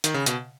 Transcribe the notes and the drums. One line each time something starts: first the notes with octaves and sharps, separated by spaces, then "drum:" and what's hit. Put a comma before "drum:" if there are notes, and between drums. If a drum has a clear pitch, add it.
D#3, drum: hi-hat
C#3
B2, drum: hi-hat